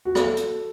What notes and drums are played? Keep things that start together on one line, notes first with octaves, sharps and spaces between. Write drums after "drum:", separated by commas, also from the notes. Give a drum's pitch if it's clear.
F#4
A4, drum: rim click
drum: hi-hat